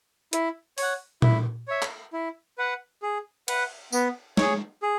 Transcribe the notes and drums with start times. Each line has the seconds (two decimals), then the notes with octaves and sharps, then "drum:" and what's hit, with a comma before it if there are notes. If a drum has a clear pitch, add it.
0.33 E4, drum: hi-hat
0.78 C#5 F#5, drum: open hi-hat
1.22 E4, drum: tom A#2
1.68 C#5 E5
1.82 drum: clap
2.13 E4
2.58 B4 F#5
3.02 G#4
3.48 B4 F#5, drum: cymbal
3.92 B3, drum: tambourine
4.37 G#4 C#5, drum: snare
4.82 G#4